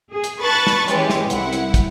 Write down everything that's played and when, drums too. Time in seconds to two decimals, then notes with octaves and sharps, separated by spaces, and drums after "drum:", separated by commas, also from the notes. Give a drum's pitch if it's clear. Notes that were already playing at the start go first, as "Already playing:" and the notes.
0.13 G#4
0.24 drum: hi-hat
0.42 B4 A5 B5 C#6 F#6 A6
0.67 drum: snare
0.88 E3 G#3 C#4 G4 B4, drum: hi-hat
1.10 drum: snare
1.30 C2 E4 F#5, drum: hi-hat
1.53 drum: hi-hat
1.74 drum: kick, hi-hat